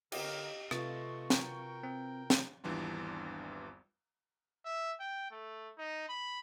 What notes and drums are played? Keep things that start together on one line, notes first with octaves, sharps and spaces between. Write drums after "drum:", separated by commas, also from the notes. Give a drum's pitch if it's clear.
D3 G4 A#4 D#5, drum: cymbal
C3 A3 F4 B4 D#5 C#6 A6, drum: rim click
F#4 A#4 G5, drum: snare
C4
drum: snare
G#1 E2 E3 G3 D4 F4
E5
G5
A3
D#4
B5